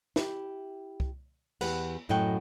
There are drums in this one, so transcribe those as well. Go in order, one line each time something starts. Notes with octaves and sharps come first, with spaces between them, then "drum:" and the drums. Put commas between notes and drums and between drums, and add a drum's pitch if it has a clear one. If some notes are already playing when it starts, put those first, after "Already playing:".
E4 G4, drum: snare
drum: kick C2
E2 G4 B4 F#5, drum: cymbal
F#2 A2 F#3 D#5 F#5 G5